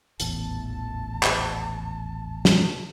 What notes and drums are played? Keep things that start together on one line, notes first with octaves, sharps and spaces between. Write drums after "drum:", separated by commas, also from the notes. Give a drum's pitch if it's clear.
D#1 A1 E2 A5, drum: hi-hat
drum: clap
drum: snare